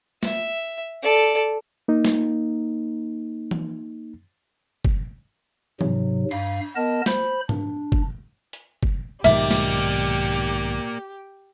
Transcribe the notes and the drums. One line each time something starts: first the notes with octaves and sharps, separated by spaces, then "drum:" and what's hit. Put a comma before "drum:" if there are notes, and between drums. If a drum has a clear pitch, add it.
E5, drum: snare
A4 D5
A#3 D#4
drum: snare
drum: tom E3
drum: kick F#1
G#2 C3 F#3, drum: tom E3
G2 F5, drum: cymbal
B3 A#4 D#5 A5
C5 B5, drum: snare
D4, drum: tom G#2
drum: kick F#1
drum: hi-hat
drum: kick F#1
B1 G#2 D#3 A#3 G4 D5 E5, drum: snare
drum: snare